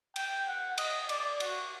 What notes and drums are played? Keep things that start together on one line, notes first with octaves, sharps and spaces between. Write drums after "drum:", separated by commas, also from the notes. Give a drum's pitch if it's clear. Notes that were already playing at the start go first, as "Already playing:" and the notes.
G5, drum: cymbal
F#5
D#5, drum: cymbal
D5, drum: cymbal
F#4, drum: cymbal